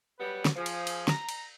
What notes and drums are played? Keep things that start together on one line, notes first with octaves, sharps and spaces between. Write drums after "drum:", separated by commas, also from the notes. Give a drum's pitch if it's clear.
F#3 G3 B3 B4
drum: snare
F3 G#4
drum: cymbal
drum: cymbal
A#5, drum: snare
drum: cymbal